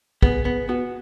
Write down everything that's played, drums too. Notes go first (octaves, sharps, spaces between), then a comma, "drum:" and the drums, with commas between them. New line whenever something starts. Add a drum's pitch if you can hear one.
B3 G#4, drum: kick
B3
B3 F#4